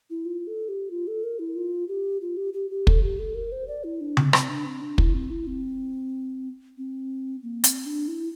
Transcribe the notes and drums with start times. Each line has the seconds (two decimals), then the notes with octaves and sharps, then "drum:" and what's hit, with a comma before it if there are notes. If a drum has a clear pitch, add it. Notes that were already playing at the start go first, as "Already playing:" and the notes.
0.10 E4
0.25 F4
0.47 A4
0.69 G4
0.91 F4
1.07 A4
1.24 A#4
1.39 E4
1.55 F4
1.88 G4
2.21 F4
2.37 G4
2.54 G4
2.70 G4
2.87 A4, drum: kick
3.03 G4
3.19 A4
3.35 A#4
3.52 C5
3.68 D5
3.84 E4
4.01 D4
4.17 C4, drum: tom C#3
4.33 C4, drum: rim click
4.49 D4
4.66 C4
4.81 D4
4.98 E4, drum: kick
5.14 C4
5.30 E4
5.47 C4
6.78 C4
7.43 A#3
7.64 C4, drum: hi-hat
7.86 D4
8.08 E4